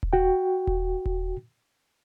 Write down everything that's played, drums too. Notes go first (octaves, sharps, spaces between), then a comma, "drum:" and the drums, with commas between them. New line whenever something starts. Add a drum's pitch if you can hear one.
drum: kick D#1
F#4 G5
drum: kick D#1
drum: kick D#1